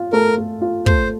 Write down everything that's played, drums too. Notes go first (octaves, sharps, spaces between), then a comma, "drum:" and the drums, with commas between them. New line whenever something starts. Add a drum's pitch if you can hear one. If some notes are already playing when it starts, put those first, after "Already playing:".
Already playing: F4
A3 A#4
A3
F4
A3 C5, drum: kick